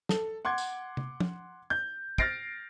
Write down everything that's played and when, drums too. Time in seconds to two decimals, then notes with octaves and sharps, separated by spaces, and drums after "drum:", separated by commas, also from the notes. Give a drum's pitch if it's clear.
0.09 A4, drum: snare
0.45 F#5 C6 D6 G#6
0.58 drum: tambourine
0.97 drum: tom C3
1.20 drum: tom F3
1.70 G6
2.18 F6 A6 A#6 C7 D7, drum: kick